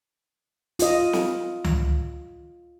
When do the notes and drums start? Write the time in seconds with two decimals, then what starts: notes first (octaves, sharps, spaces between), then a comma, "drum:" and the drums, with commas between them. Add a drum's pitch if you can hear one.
0.79 F4 D#5, drum: hi-hat
1.13 drum: snare
1.64 drum: tom C#2